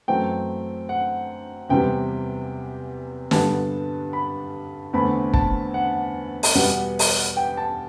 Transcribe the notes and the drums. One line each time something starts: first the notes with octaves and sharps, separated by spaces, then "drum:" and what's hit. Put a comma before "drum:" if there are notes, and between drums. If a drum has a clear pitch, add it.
F#2 E3 A3 C4 G5
F#5
E2 C3 E3 G3 G5
G2 D3 G3 B3 A5, drum: snare
B5
E2 D3 A3 C4 B5
A5, drum: kick
F#5
drum: open hi-hat
E2 B2 G3 B3 F#5
drum: open hi-hat
G5
A5